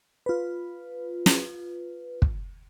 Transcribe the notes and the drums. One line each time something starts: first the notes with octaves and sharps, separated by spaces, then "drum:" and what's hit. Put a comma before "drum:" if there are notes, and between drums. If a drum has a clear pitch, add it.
F4 B4
drum: snare
drum: kick